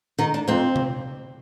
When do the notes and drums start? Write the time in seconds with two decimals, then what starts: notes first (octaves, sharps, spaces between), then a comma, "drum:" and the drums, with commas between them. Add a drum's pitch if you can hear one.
0.19 D#3 D#4
0.34 D4
0.48 F2 C4
0.76 drum: tom C3